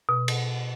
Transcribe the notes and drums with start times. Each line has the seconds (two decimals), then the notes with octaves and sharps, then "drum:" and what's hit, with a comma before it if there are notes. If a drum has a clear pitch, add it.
0.09 B2
0.28 drum: cymbal